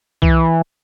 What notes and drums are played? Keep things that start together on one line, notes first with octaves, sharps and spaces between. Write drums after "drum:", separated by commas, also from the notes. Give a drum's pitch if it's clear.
E3, drum: kick C2